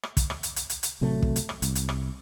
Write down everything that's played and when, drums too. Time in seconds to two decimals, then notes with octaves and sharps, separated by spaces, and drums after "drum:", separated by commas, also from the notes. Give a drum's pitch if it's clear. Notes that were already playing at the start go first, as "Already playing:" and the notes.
0.03 drum: rim click
0.17 drum: kick, hi-hat
0.30 drum: rim click
0.43 drum: hi-hat
0.56 drum: hi-hat
0.70 drum: hi-hat
0.83 drum: hi-hat
1.01 A1 C3 F#3 A3
1.22 drum: kick
1.36 drum: hi-hat
1.49 drum: rim click
1.62 C2, drum: hi-hat
1.75 drum: hi-hat
1.89 drum: rim click